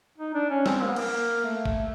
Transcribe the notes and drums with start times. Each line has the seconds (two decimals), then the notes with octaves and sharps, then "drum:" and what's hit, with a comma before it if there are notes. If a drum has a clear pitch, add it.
0.18 D#4
0.34 D4
0.50 C#4
0.66 C4, drum: snare
0.82 A#3
0.88 B3
0.96 A#3, drum: cymbal
1.45 A3
1.66 drum: kick G#1